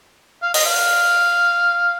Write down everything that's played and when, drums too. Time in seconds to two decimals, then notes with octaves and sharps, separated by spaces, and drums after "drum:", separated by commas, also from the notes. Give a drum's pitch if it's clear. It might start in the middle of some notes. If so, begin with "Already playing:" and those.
0.43 F5
0.54 D#5, drum: open hi-hat
0.66 F5